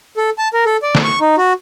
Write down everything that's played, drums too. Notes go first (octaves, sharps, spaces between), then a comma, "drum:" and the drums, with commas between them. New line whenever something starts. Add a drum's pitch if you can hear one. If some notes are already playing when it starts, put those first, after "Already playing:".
A4
A5
A#4
A4
D5
drum: snare
C#6
D#4
F#4